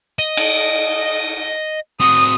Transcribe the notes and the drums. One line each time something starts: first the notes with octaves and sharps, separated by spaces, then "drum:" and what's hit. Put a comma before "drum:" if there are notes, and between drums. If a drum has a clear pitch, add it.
D#5
drum: cymbal
C4 F#4 D#6